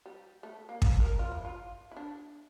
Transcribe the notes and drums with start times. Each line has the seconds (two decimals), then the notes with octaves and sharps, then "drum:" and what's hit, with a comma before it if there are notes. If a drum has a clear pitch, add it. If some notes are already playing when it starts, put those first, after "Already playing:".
0.06 G3
0.43 A3
0.69 A#3
0.82 C#4, drum: kick
1.00 A#4
1.19 F4
1.32 E4
1.45 F4
1.91 E4
1.96 D4